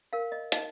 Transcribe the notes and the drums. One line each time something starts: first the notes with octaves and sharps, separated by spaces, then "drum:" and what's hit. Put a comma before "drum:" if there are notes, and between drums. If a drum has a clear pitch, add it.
A#4 F5
D#5
D#4 D#5, drum: hi-hat